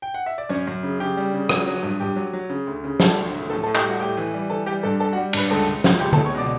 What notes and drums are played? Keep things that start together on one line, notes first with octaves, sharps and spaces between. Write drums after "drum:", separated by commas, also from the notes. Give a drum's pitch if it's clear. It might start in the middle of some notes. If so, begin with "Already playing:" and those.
G5
F#5
E5
D5
F#2 C#4 C#5
F#2
C#3
C#3 G4 G5
G3
C#3
F#3, drum: rim click
F#3
G2
G2 G4 G5
F#3
F#3
C#3
D2
C#3
G3 A4 A5, drum: snare
D2
D2
A2 A4 A5
A4 A5
A2
G4 G5, drum: clap
G3 F#4 F#5
A2 G4 G5
E3
G3
E3 A4 A5
G3 G4 G5
G2 A4 A5
G3 A4 A5
F#4 F#5
G3
G2 B4 B5, drum: cymbal
C#2 A4 A5
C#2
C#2, drum: snare
C#2 G4 G5
A4 A5, drum: tom D3
C#2
C#5 C#6
B2 D5 D6